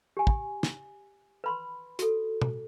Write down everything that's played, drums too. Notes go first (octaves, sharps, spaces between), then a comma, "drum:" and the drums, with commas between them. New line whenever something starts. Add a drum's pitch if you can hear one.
G4 G#5
drum: kick
drum: snare
B4 B5 C6
F#4 A4, drum: hi-hat
drum: tom